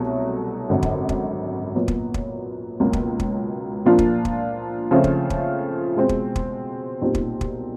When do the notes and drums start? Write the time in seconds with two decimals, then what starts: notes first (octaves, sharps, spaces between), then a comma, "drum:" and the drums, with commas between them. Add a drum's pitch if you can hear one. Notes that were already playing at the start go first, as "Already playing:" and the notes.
Already playing: C2 B2 F#3 A3
0.69 G#1 F#2 D3
0.83 drum: kick
1.09 drum: kick
1.75 A#2 F#3 B3
1.88 drum: kick
2.14 drum: kick
2.80 C#2 B2 F#3 A#3
2.93 drum: kick
3.20 drum: kick
3.85 A#2 F3 A#3 D4 F4
3.99 drum: kick
4.25 drum: kick
4.91 C#3 F3 A3 C4 F4
5.04 drum: kick
5.30 drum: kick
5.96 B2 G#3 C4
6.09 drum: kick
6.36 drum: kick
7.01 B1 A#2 G3 C4 D#4
7.15 drum: kick
7.41 drum: kick